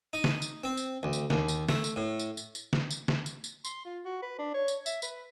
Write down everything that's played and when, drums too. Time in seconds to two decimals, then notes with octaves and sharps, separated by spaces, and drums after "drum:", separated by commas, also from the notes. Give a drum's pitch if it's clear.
0.13 D#4
0.24 drum: snare
0.42 drum: tambourine
0.64 C4
0.77 drum: tambourine
1.03 D2
1.13 drum: tambourine
1.30 D#2, drum: snare
1.48 drum: tambourine
1.69 A3, drum: snare
1.84 drum: tambourine
1.96 A2
2.19 drum: tambourine
2.37 drum: tambourine
2.55 drum: tambourine
2.73 drum: snare
2.91 drum: tambourine
3.08 drum: snare
3.26 drum: tambourine
3.44 drum: tambourine
3.65 C6, drum: tambourine
3.85 F4
4.05 F#4
4.22 B4
4.39 D4
4.54 C#5
4.68 drum: tambourine
4.86 E5, drum: tambourine
5.02 B4, drum: tambourine